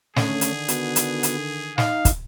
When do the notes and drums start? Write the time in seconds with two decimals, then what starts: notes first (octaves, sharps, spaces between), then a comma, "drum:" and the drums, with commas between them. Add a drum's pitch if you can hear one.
0.16 D3 D#3 A3 C#4 G#4, drum: snare
0.41 drum: hi-hat
0.68 B3 F#4, drum: hi-hat
0.96 drum: hi-hat
1.23 drum: hi-hat
1.78 D#4 F5, drum: snare
2.05 drum: kick, hi-hat